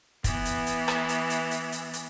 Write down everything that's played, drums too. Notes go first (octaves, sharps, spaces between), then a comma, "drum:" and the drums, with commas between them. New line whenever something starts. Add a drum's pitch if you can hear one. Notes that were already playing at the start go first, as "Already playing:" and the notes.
E3 B3, drum: kick, hi-hat
drum: hi-hat
drum: hi-hat
drum: rim click
drum: hi-hat
drum: hi-hat
drum: hi-hat
drum: hi-hat
drum: hi-hat